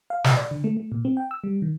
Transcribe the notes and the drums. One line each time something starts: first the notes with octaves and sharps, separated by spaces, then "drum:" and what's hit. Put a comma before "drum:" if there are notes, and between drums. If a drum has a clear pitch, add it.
F5
D#5, drum: snare
D5
D3
A3
A3
A#2
C4
G5
E6
G3
D#3